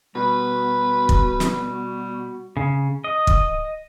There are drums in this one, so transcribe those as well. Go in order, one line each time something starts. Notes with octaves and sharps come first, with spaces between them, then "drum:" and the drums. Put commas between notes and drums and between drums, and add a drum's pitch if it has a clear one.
B2 G3 F#4 B4
drum: kick
drum: snare
C#3
D#5
drum: kick